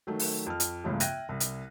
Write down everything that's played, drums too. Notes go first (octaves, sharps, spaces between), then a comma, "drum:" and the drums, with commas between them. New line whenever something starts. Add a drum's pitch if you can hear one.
D#3 F#3 A3
drum: open hi-hat
F2 F6
drum: hi-hat
G1 C#2 A2 C#3 F3
E5 G5 F#6 G#6 A#6 D#7, drum: hi-hat
C2
drum: hi-hat